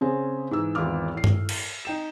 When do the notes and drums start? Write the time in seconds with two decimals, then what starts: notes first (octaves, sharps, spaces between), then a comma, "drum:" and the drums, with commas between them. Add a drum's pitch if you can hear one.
0.01 C#3 C4 C#4 G#4
0.51 G#2 E3 E6
0.75 G#1 E2 B3 F4 D6 F6
1.15 A2 C7
1.24 drum: tom G2
1.49 drum: cymbal
1.85 D#4 G5 E7